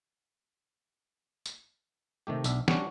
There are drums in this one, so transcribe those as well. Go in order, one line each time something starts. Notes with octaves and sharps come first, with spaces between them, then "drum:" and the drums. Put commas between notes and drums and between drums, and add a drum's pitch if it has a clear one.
drum: tambourine
C3 D#3 A3 G4
B1 D4 E5, drum: tambourine
G3 C#4 D4 F#4, drum: snare